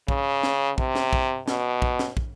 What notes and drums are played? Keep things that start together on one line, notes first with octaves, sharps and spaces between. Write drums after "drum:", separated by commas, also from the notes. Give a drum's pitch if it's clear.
C#3, drum: kick
drum: snare
C3, drum: kick
drum: snare
drum: kick
B2, drum: snare
drum: kick
drum: snare
drum: kick